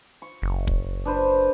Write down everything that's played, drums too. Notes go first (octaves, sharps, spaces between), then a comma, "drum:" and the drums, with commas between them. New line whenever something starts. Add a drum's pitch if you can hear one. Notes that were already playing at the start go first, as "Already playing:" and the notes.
C#6
F#1
drum: kick
D4 B4 C5